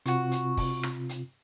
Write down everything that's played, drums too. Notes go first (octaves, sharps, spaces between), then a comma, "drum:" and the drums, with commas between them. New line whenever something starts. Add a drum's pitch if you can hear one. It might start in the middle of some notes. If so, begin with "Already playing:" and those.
C3 C4 F4 F#4 C#6, drum: hi-hat
drum: hi-hat
drum: kick, open hi-hat
drum: rim click
drum: hi-hat